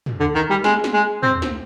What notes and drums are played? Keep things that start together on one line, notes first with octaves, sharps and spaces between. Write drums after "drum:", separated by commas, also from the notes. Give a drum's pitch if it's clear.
drum: tom
D3
D#3
G3
G#3, drum: snare
drum: snare
G#3
C4, drum: tom
drum: snare